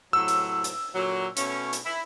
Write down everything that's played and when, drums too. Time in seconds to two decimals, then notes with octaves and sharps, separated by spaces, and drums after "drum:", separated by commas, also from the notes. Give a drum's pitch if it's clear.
0.13 A2 C3 F#3 E6
0.28 drum: hi-hat
0.64 drum: hi-hat
0.95 A#2 D3 F#3
1.37 B2 A3 C#4, drum: hi-hat
1.73 drum: hi-hat
1.86 E4